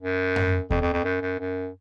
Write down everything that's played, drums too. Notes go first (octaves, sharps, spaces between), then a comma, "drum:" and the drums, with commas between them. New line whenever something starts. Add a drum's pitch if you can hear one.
F#2
drum: tom F#2
F2, drum: kick D#2
F2
F2
F#2
F#2
F#2